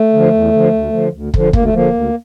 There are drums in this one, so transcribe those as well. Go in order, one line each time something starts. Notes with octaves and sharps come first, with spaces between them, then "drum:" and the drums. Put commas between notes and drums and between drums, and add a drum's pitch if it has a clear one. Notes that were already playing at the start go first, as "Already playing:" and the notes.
Already playing: A3
D3 F3
E2
D3 F3
D2
D3 F3
D2
D3 F3, drum: kick
D2 A#3, drum: kick
A3
D3 F3 A#3
D2